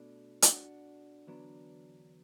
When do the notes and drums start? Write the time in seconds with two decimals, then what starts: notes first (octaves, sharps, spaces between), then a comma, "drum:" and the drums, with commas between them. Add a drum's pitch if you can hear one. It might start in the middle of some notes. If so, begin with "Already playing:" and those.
Already playing: B2 A3 D4
0.42 D4 F#4, drum: hi-hat
1.27 E2 D3 F#3 B3 D4